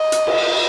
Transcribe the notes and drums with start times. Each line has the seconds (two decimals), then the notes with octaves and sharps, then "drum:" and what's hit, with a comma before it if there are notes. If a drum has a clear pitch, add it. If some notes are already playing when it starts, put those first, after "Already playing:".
Already playing: D#5
0.12 drum: hi-hat
0.27 drum: cymbal